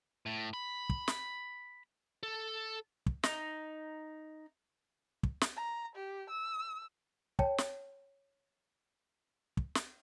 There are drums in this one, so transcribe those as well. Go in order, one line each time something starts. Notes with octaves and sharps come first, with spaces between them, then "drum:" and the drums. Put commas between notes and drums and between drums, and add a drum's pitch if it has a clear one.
A2
B5
drum: kick
drum: snare
A4
drum: kick
D#4, drum: snare
drum: kick
drum: snare
A#5
G4
E6
C#5 G5 A5, drum: kick
drum: snare
drum: kick
drum: snare